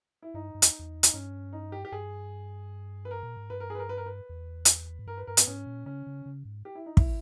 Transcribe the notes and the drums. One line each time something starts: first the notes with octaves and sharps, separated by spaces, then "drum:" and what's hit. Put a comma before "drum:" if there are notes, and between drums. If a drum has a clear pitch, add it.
E4
G2 D#4
G2
E2, drum: hi-hat
E2
D#4, drum: hi-hat
G2 C#4
D#4
G4
G4
G2 G#4
B4
A#4
A#2
G#2
G2 B4
A#4
G#4 B4
A#4
B4
A#4
B4
E2
drum: hi-hat
G#2
G2 A#4
B4
G2 A#4
B3, drum: hi-hat
G#2 C#4
A#2
C#3 C#4
C#3
C#3
G#2
G4
E4
D#4
E4, drum: kick